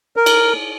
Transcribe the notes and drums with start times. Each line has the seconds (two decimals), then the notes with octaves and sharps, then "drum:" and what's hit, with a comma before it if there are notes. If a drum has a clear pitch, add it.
0.16 A#4
0.26 drum: cymbal